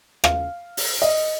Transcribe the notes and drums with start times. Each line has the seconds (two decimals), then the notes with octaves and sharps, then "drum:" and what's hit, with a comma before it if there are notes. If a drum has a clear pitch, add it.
0.24 F5, drum: rim click
0.77 drum: open hi-hat
1.02 D#5